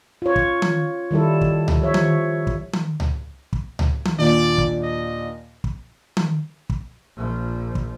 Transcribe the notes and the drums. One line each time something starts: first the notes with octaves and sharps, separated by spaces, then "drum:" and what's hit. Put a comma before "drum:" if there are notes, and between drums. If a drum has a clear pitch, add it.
F4 C#5
drum: kick
drum: tom D#3
D#3 G3 E4 A4
drum: kick
drum: tom C#2
F3 C#5 E5
drum: tom D#3
drum: kick
drum: tom D#3
drum: tom C#2
drum: kick
drum: tom C#2
drum: tom D#3
D#2 A#2 D4 D5
drum: kick
D#5
drum: kick
drum: tom D#3
drum: kick
A#1 F3
drum: kick